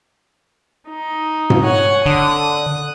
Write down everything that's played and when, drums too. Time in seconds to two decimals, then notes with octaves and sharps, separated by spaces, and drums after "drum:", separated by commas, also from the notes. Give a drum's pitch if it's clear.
0.89 D#4
1.50 drum: tom G#2
1.64 C#5 F#5 G#5
2.06 D3 D#6 F#6